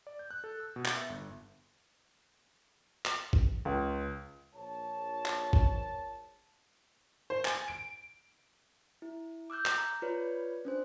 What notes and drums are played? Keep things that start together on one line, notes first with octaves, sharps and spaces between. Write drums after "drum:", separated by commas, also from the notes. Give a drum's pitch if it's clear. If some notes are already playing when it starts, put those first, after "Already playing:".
D5
G6
F#6
A4
E6
B2
drum: clap
E5
G1
drum: clap
drum: kick G#1
C#2
A#1 C#5 A5
drum: clap
drum: kick G#1
C5
G#5, drum: clap
D7
E4
D6 E6 F#6 G6
drum: clap
A#5
F4 B4 C#5 D5
C#4 D4 C5